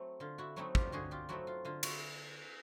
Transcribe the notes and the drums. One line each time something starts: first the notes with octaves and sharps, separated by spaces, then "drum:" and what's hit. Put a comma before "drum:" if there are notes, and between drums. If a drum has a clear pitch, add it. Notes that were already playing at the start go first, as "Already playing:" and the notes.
Already playing: F#3 A3 C4 E4
D3 F4
E4 F#4
F#3 A3 C4 D#4 E4 F#4
F4 G4, drum: kick
D3 F#4 G#4
F4 G4
F#3 A3 C4 D#4 E4 F#4
F4
D3 F4
E4 F#4, drum: cymbal